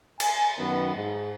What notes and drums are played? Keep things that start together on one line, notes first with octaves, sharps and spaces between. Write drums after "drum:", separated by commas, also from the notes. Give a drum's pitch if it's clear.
G#5, drum: cymbal
F#2 D#3 B3
G#2